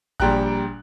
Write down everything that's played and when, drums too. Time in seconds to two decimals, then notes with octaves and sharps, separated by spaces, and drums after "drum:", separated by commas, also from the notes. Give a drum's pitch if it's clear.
0.20 A#1 A#2 G3 G5 A#5 F#6, drum: kick G#1